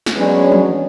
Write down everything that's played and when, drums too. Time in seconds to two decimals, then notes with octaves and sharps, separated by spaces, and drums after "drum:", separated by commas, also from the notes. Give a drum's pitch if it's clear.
0.06 drum: snare
0.16 F#3 G#3 B3 C#4 D4
0.52 drum: tom E3